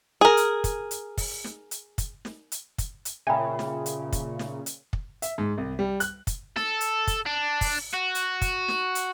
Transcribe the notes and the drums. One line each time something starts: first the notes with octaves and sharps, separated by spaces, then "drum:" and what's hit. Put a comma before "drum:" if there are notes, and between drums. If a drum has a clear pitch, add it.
G#4 A#4
drum: hi-hat
drum: kick, hi-hat
drum: hi-hat
drum: kick, open hi-hat
drum: snare
drum: hi-hat
drum: kick, hi-hat
drum: snare
drum: hi-hat
drum: kick, hi-hat
drum: hi-hat
A#2 C#3 E5 G5 G#5 A#5 B5
drum: snare
drum: hi-hat
drum: kick, hi-hat
drum: snare
drum: hi-hat
drum: kick
E5, drum: hi-hat
G#2
C2
G3
F#6, drum: hi-hat
drum: kick, hi-hat
A4, drum: snare
drum: hi-hat
drum: kick, hi-hat
D4
drum: kick, open hi-hat
F#4
drum: hi-hat
drum: kick, hi-hat
drum: snare
drum: hi-hat